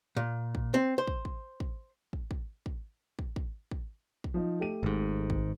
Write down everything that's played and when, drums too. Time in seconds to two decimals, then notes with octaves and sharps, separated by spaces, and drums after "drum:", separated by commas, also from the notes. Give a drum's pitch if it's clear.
0.16 A#2
0.55 drum: kick
0.74 C4
0.98 C5
1.07 drum: kick
1.25 drum: kick
1.60 drum: kick
2.13 drum: kick
2.31 drum: kick
2.66 drum: kick
3.19 drum: kick
3.36 drum: kick
3.71 drum: kick
4.24 drum: kick
4.34 F3 D#4 D#5
4.59 A3 G4 D#7
4.83 G#1 G#2
5.30 drum: kick